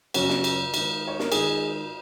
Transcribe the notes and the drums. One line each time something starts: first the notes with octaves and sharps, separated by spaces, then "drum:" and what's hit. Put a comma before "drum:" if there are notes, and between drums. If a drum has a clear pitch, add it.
F#2 C#3 C#4 F#4, drum: cymbal
drum: snare
drum: cymbal
G#2 D#3, drum: cymbal
C#5
A#4, drum: snare
G#2 D#3 D#4 G#4, drum: cymbal